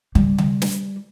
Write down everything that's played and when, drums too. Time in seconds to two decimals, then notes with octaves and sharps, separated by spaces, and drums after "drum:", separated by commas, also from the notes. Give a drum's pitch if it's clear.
0.15 G3, drum: tom C#3
0.38 drum: tom C#3
0.62 drum: snare